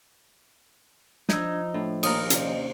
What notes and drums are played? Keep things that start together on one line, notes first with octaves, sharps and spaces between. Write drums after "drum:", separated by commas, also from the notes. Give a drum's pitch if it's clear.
F3 D4 D#4 D#5 E6 G#6, drum: snare
A2 D4
D#2 A#2 D#5 A#5 F6, drum: cymbal
C3 C#4 D5, drum: hi-hat